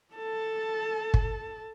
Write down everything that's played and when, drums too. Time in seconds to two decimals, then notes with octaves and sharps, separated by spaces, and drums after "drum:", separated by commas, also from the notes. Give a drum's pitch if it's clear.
0.14 A4 A5
1.14 drum: kick